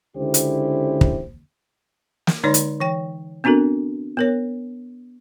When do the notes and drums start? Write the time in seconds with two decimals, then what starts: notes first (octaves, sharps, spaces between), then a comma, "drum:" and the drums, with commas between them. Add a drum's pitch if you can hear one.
0.16 C#2 D3 C#4 E4 G4 C5
0.34 drum: hi-hat
1.01 drum: kick
2.27 drum: snare
2.44 D3 G#3 D#4 C#5 D5 C6
2.54 drum: hi-hat
2.80 E3 C#5 G5
3.44 B3 C4 D4 F#4 A4 A#4
4.17 B3 A#4 C#5